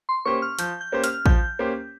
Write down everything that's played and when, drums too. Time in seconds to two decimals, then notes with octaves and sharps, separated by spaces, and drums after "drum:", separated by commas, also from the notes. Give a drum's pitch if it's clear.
0.09 C6
0.25 A#3 C#4 G4 C5 C#6
0.42 F6
0.59 F3 G6, drum: hi-hat
0.81 G6
0.92 A#3 C#4 G4 C5
1.04 F6, drum: hi-hat
1.26 F3 G6, drum: kick A1
1.59 A#3 C#4 G4 C5